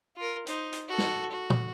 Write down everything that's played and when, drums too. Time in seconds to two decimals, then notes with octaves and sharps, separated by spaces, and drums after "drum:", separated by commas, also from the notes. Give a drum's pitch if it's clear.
0.16 F4 A#4
0.47 D#4 C5, drum: hi-hat
0.72 drum: hi-hat
0.89 F#4 A4
0.98 drum: snare
1.31 F#4
1.50 drum: tom